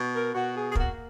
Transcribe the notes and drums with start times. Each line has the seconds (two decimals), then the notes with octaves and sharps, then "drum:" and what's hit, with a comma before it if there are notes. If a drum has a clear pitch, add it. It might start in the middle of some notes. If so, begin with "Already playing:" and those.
Already playing: B2
0.13 A#4
0.34 B2 F#4
0.55 G#4
0.71 G#4
0.75 A#3 F#4, drum: kick